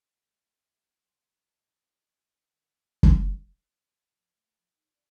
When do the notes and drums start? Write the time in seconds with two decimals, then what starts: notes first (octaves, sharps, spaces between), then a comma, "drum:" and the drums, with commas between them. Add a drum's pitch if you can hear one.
0.27 A3 C#4 E5
1.05 B2 F#3 B3 C6
1.43 D#2 G#2 F3
2.00 D#3 D#4 F#4
2.42 D3
3.03 drum: kick
4.18 F3
4.35 A3
4.57 F3
4.73 D#4
4.93 D5